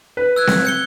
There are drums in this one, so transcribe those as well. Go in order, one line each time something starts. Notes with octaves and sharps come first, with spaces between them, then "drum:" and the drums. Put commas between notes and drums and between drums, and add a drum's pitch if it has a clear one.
B4
E6 F#6 G#6
drum: snare C4
G6 C#7 G7